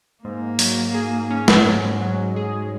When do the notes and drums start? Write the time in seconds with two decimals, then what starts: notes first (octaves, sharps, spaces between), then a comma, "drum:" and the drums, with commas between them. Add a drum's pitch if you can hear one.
0.23 G#2 A#3
0.59 F#3, drum: open hi-hat
0.94 G#4
1.31 C#4
1.48 drum: snare
1.65 G#2 G#3
2.01 F#3
2.36 G#4